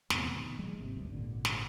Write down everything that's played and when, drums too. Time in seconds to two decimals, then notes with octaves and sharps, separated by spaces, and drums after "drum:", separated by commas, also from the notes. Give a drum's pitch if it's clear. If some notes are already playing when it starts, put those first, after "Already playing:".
0.10 E2 A2 C3 B3, drum: snare
0.35 B2 D#3
0.59 F3 G3 G#3 A#3
0.77 G#1 C3
0.97 D2 G2
1.12 G#1 A#2 D3
1.45 drum: snare